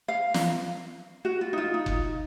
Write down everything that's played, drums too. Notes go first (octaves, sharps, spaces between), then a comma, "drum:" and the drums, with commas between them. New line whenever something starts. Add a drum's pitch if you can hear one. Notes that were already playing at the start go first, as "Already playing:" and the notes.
F5
drum: snare
F#4
F4
D#4
F4
D#4
drum: kick F#1